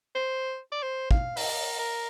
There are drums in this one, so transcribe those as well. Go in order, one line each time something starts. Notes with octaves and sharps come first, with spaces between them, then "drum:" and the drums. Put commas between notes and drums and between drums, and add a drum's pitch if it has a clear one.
C5
D5
C5
F5, drum: kick
A#4, drum: open hi-hat
A#4